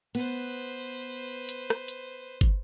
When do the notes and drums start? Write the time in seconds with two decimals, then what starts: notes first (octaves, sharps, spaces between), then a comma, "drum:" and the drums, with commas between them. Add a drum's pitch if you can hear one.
0.15 B3 B4 C5, drum: cymbal
1.49 drum: hi-hat
1.70 drum: rim click
1.88 drum: hi-hat
2.41 drum: kick